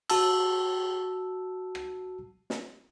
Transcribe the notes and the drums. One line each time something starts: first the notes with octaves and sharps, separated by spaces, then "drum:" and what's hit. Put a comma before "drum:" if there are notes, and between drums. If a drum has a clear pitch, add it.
F#4 A5 E6, drum: cymbal
drum: rim click
drum: snare